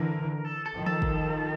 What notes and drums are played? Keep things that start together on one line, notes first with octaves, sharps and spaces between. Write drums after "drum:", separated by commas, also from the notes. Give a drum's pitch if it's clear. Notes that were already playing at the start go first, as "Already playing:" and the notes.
Already playing: D3 E3 A#4
A4
A4
D#3 F3
A4, drum: tom E3
drum: kick